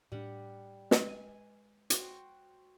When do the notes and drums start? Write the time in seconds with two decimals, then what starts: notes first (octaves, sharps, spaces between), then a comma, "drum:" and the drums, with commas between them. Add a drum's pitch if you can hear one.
0.12 A2 G3 D4 F#5
0.91 G#3 B4 D#5, drum: snare
1.09 G#5
1.90 F#4 C5 G5, drum: hi-hat